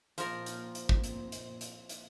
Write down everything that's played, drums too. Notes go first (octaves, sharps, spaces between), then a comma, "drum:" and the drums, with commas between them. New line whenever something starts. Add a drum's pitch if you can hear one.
A#2 F3 C4 A#4, drum: hi-hat
drum: hi-hat
drum: hi-hat
drum: kick
drum: hi-hat
drum: hi-hat
drum: hi-hat
drum: hi-hat